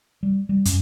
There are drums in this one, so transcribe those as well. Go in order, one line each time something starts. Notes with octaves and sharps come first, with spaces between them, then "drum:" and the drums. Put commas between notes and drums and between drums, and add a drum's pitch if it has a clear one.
G3
G3
F#2, drum: hi-hat